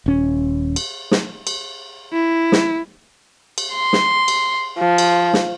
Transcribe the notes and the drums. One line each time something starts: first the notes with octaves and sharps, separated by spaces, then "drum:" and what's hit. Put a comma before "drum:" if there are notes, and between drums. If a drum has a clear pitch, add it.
D#1 C#4
drum: cymbal
drum: snare
drum: cymbal
E4
drum: snare
drum: cymbal
C6
drum: snare
drum: cymbal
F3
drum: cymbal
drum: snare